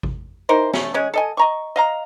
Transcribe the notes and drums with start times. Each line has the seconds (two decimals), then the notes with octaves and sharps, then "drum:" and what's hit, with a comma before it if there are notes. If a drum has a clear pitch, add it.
0.03 drum: kick G#1
0.49 E3 D#4 A#4 C5
0.73 A3 C#4, drum: snare
0.94 G#3 C#4 G#4
1.14 A4 D#5 G#5
1.37 D#5 A#5 C#6
1.76 D#5 F5 A#5